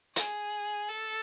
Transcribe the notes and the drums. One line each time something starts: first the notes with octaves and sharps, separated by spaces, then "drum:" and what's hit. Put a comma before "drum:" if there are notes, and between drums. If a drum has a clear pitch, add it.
G#4, drum: hi-hat
A4